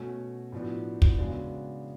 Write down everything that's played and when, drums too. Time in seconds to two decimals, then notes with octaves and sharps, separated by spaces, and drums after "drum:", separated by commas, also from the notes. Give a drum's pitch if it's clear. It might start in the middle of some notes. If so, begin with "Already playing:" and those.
Already playing: B2 A3 C#4 F#4
0.52 A2 F3 B3 D4 F#4
1.02 drum: kick
1.18 C#3 G#3 B3 D4 F#4